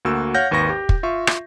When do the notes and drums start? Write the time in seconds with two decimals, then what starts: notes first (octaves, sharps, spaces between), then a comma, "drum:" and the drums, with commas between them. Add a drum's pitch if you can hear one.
0.05 D2 A#3 F#4 E6
0.34 C#5 F5 F#5 F6 G6 A#6
0.51 G#1 D#2 B4 C#6 A#6
0.69 G4
0.89 drum: kick
1.03 F4 E5 C#6
1.27 drum: rim click